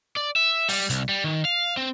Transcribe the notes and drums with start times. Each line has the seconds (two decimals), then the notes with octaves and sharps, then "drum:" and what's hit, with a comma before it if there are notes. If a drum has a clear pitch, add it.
0.16 D5
0.36 E5
0.69 G3, drum: open hi-hat
0.90 C2, drum: hi-hat
1.09 G3
1.24 D#3
1.45 F5
1.77 C4